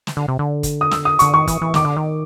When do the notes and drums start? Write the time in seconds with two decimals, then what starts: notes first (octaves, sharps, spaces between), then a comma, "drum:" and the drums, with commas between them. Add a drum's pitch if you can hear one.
0.07 drum: snare
0.17 D3
0.28 C3
0.39 D3
0.63 drum: kick, hi-hat
0.81 D#6
0.91 E6, drum: snare
1.05 D#6
1.19 C#6, drum: hi-hat
1.22 D3
1.34 D#3 C#6
1.47 E3, drum: kick, hi-hat
1.62 E3
1.74 D#3 D6, drum: snare
1.85 D3
1.97 D#3